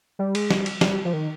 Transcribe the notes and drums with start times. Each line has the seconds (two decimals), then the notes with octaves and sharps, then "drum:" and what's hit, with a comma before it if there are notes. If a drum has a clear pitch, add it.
0.19 G3
0.35 G#3, drum: cymbal
0.50 G3, drum: snare
0.66 drum: cymbal
0.81 G3, drum: snare
1.05 F3
1.13 D#3